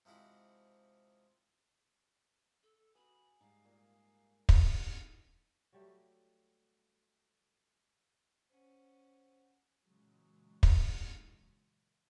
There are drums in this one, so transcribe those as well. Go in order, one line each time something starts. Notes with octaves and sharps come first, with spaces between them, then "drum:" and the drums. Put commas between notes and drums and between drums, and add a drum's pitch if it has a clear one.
C3 F3 G#3 E4 F#4
A4
F#4 G#4 B4 B5
G#2 G3 G#3 D#4 F5
A#2 G#4
drum: kick
F#3 G3 A3
C#4 C5 F#5
A#2 C#3 E3 F#3 G#3
drum: kick